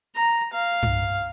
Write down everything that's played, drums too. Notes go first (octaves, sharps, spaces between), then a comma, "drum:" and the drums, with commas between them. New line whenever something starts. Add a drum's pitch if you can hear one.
A#5
F5
drum: tom G2